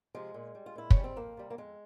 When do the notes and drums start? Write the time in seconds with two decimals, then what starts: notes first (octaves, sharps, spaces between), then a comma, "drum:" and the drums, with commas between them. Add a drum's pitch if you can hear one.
0.15 C3 F3 G#3
0.34 A#2
0.55 G3
0.66 F4
0.75 A#2 E4
0.90 C#4, drum: kick
0.96 G3
1.04 C4
1.16 F2 A#3
1.37 C3 G3
1.50 A#3
1.58 F2 G#3